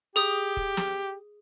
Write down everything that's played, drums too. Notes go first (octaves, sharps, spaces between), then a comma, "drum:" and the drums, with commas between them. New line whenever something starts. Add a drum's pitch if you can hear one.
G4 G#4 D#6
drum: kick
drum: snare